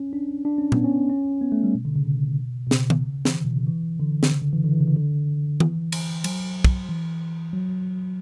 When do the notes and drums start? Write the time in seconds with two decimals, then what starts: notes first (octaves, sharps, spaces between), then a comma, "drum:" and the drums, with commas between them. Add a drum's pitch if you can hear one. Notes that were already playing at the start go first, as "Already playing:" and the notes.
Already playing: C#4
0.13 D4
0.45 D4
0.58 C#4
0.72 B3, drum: tom A#2
0.84 C#4
1.10 C#4
1.41 B3
1.52 A3
1.64 G3
1.75 B2
1.85 D3
1.96 C#3
2.06 B2
2.67 B2
2.71 C#3, drum: snare
2.90 drum: tom D#3
3.25 E3, drum: snare
3.35 D3
3.45 B2
3.57 C#3
3.66 E3
4.00 D3
4.23 D3, drum: snare
4.32 C#3
4.42 D3
4.53 E3
4.64 D3
4.72 E3
4.80 C#3
4.87 E3
4.96 D3
5.60 E3, drum: tom D#3
5.92 drum: cymbal
6.24 F#3, drum: cymbal
6.64 drum: kick
6.89 E3
7.53 F#3